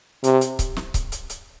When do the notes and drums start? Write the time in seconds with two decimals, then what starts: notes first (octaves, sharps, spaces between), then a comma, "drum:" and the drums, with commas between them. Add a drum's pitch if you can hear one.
0.24 C3, drum: hi-hat
0.41 drum: hi-hat
0.59 drum: kick C#1, hi-hat
0.76 drum: snare
0.94 drum: kick C#1, hi-hat
1.12 drum: hi-hat
1.30 drum: hi-hat